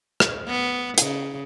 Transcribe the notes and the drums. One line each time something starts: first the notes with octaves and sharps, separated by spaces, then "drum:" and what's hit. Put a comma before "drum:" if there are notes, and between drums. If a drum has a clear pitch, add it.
drum: rim click
B3
C#3, drum: hi-hat